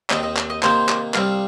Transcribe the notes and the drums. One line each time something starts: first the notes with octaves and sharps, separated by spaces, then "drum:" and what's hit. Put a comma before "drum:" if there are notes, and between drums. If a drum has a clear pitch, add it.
D#2 D#3 C4 D#4 D#5, drum: clap
D#5
drum: clap
D#5
C3 D#3 A#3 D#4 C5, drum: clap
drum: clap
C2 C3 G3 C4 F5, drum: clap